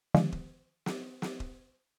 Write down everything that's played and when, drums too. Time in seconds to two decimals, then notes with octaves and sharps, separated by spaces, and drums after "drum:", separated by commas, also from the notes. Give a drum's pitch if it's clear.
0.14 D3 D#3 F3 G#3, drum: snare
0.32 drum: kick D#1
0.86 drum: snare
1.22 drum: snare
1.40 drum: kick D#1